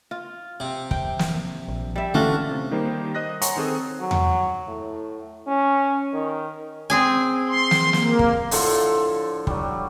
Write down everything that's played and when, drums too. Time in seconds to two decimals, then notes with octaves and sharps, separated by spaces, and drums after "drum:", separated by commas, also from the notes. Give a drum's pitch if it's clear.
0.11 F4
0.60 C3
0.91 G5, drum: kick
1.19 drum: snare
1.68 A#1
1.96 G3 E5
2.14 D3 E3 A3 C#4 D4 F4 F#4
2.51 C3
2.71 D#3 G3 A#3 D#4 G4 C5
3.15 C5 D#5 D#6 F#6 A#6
3.42 C#5 F#5 G#5 A#5 C6 C#6, drum: hi-hat
3.56 D#3 C4 G#4 A4 D#6
4.00 F#3
4.11 drum: tom E2
4.68 A2
5.47 C#4
6.13 D#3
6.90 C4 G#4 G#5
7.48 C6
7.71 drum: snare
7.93 A#3, drum: snare
8.19 drum: kick
8.51 A2 D3 F3 A4, drum: open hi-hat
9.47 F#3 G3, drum: kick